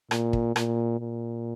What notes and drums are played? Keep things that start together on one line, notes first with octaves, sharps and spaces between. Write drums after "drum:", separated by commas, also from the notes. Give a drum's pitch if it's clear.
A#2, drum: rim click
drum: kick
A#2, drum: rim click
A#2